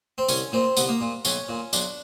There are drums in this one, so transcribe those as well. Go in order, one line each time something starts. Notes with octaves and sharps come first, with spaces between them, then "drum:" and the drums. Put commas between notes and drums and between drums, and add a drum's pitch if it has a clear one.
C4
C2 C#4, drum: tambourine
A#2 C4
C2 B3, drum: tambourine
A#3
A#2
B1 C#4, drum: tambourine
A#2
B1 D4, drum: tambourine